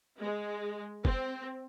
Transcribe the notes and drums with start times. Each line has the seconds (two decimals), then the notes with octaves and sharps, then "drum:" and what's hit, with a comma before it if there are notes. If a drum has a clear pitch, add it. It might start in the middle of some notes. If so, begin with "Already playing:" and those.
0.21 G#3
1.05 C4, drum: kick